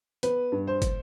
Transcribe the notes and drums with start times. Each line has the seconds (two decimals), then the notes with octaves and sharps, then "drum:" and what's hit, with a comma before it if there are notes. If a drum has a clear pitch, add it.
0.23 B3 B4, drum: hi-hat
0.52 G2
0.67 C5
0.82 drum: kick, hi-hat